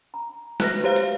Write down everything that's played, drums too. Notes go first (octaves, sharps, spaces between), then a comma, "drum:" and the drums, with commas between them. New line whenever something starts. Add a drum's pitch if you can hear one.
A#5
F#4 B4 E5 F#6 A#6, drum: snare
G4 C5 C#5 F5 A#5
drum: hi-hat